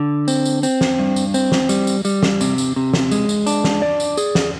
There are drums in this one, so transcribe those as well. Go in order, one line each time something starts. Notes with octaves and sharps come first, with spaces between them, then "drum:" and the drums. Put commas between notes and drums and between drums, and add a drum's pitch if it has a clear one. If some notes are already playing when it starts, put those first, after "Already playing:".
Already playing: D3
C4, drum: tambourine
drum: tambourine
C4, drum: tambourine
drum: snare
G2
drum: tambourine
C4, drum: tambourine
drum: snare
G3, drum: tambourine
drum: tambourine
G3, drum: tambourine
drum: snare
C3, drum: tambourine
drum: tambourine
C3
drum: snare
G#3, drum: tambourine
drum: tambourine
D4, drum: tambourine
drum: snare
D5
drum: tambourine
G#4, drum: tambourine
drum: snare